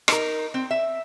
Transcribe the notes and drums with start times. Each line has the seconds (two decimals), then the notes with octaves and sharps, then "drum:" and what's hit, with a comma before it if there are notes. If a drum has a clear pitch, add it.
0.08 D#4 A#4, drum: rim click
0.54 C4
0.71 E5